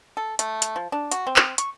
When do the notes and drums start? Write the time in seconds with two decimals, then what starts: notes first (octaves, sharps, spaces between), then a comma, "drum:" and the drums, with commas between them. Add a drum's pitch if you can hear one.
0.17 A4
0.39 A3, drum: hi-hat
0.62 drum: hi-hat
0.76 F3
0.92 D4
1.12 F#4, drum: hi-hat
1.27 C4
1.36 drum: clap
1.58 C#6, drum: hi-hat